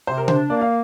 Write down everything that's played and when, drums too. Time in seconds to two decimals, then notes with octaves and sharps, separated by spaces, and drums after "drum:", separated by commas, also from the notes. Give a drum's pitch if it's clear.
0.07 C3 C5
0.18 A#4
0.28 D4 C5, drum: tom C#3
0.50 A#3 D5
0.61 F5